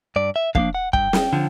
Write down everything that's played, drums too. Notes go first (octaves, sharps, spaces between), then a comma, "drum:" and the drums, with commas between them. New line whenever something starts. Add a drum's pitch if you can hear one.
G2 D5
E5
D3 F3 A#3 D4 F5, drum: kick
F#5
G2 G5, drum: kick
drum: snare
D3 F3